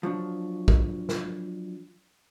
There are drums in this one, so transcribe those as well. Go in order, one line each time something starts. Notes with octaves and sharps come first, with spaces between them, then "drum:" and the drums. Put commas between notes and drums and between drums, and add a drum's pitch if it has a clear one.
F3 F#3 D4
drum: kick
drum: snare